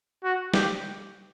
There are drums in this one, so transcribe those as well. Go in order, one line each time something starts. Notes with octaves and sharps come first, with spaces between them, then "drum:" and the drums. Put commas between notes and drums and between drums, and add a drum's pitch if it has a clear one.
F#4
G4, drum: snare